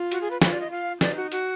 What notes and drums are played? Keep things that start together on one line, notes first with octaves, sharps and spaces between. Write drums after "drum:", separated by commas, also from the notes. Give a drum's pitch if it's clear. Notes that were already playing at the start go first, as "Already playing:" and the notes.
Already playing: F4
F#4, drum: hi-hat
G#4
B4
F4 B4, drum: snare
D5
D#5
F4 F5
D#4 D5, drum: snare
F#4
F#4, drum: hi-hat